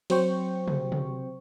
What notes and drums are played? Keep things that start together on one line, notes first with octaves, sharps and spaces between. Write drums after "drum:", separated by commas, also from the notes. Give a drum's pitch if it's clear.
F#3 C4 C5 G5 C#6, drum: cymbal
drum: tom C3
drum: tom C3